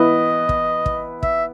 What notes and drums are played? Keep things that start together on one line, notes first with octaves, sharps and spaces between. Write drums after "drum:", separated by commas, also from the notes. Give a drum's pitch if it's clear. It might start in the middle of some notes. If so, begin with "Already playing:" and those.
Already playing: E3 B3 E4 B4 D#5
drum: kick
drum: kick
E5, drum: kick